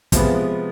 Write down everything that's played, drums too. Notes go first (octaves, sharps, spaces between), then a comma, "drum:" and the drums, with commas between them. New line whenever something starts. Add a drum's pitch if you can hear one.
C3 F3 G#3 B3, drum: kick, hi-hat